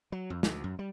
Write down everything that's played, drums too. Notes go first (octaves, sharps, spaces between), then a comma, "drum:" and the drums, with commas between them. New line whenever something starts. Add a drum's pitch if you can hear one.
F#3
F2
D2, drum: snare
F#2
G3